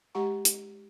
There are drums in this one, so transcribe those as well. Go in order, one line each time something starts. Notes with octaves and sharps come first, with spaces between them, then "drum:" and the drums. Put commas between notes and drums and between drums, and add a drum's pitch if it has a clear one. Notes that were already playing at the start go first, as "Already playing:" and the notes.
G#3 G4 F#5 A#5 C#6
drum: hi-hat